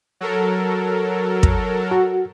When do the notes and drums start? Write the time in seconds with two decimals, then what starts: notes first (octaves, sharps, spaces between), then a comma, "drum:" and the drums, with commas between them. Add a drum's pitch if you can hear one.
0.21 F#3 A4 A#4
1.43 drum: kick
1.91 F#4